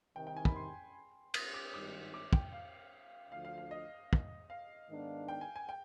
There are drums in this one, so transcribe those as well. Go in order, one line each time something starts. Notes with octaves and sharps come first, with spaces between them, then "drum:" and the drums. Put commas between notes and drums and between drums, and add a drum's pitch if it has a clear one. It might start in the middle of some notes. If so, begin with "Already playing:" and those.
C2 C3 D#3 G5
G5
G#5
B5, drum: kick
C6
D#6, drum: cymbal
D6
G#1 G2 D#3 G3 D6
D6
G5, drum: kick
F5
D2 D3 F3 F5
F5
F5
D#5
drum: kick
F5
G#2 D#3 B3 D4
G5
G#5
G#5
G5